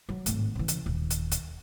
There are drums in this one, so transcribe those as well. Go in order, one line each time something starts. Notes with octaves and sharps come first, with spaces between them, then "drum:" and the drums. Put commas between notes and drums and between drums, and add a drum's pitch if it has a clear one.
F#3
G#1 A2, drum: hi-hat
C#3 E3
drum: hi-hat
D#1
drum: hi-hat
drum: kick, hi-hat